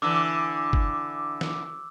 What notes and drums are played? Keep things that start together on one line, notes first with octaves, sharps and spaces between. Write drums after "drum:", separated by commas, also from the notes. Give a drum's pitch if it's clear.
D3 E3 D6 E6
drum: kick
drum: snare